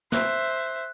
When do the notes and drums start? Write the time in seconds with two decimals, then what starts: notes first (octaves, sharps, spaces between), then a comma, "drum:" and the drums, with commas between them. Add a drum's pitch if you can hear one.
0.12 C5 E5 F#6, drum: snare